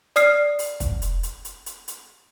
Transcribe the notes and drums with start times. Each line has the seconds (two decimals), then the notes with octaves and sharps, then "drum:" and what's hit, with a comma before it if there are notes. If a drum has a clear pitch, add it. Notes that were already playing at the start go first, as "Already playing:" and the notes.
0.16 D5 D#6 F6 C7, drum: hi-hat
0.59 drum: open hi-hat
0.80 drum: kick, hi-hat
1.02 drum: hi-hat
1.23 drum: hi-hat
1.45 drum: hi-hat
1.66 drum: hi-hat
1.88 drum: hi-hat